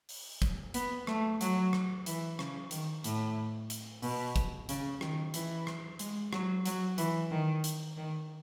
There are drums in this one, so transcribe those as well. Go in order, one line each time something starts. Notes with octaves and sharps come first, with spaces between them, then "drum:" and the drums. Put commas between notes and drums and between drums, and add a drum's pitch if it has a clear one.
drum: open hi-hat
drum: kick, hi-hat
B3, drum: hi-hat
A3, drum: rim click
F#3, drum: hi-hat
drum: rim click
E3, drum: hi-hat
C#3, drum: rim click
D#3, drum: hi-hat
A2, drum: hi-hat
drum: hi-hat
B2, drum: open hi-hat
drum: kick, hi-hat
C#3, drum: hi-hat
D#3, drum: rim click
E3, drum: hi-hat
drum: rim click
G#3, drum: hi-hat
F#3, drum: rim click
F#3, drum: hi-hat
E3, drum: hi-hat
D#3
drum: hi-hat
D#3